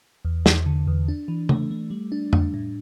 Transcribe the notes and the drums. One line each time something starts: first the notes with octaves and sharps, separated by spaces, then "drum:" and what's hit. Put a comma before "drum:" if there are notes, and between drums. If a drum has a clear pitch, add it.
E2
E2, drum: snare
D3
E2
D4
E3
A3, drum: tom
A3
G3
D4
D4, drum: tom F2
A2